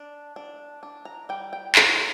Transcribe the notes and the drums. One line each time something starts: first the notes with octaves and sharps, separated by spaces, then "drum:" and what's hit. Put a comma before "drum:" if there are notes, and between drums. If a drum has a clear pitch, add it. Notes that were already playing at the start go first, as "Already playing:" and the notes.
Already playing: D4
D4
D4
A#5
G3 G5
G5
F#3, drum: clap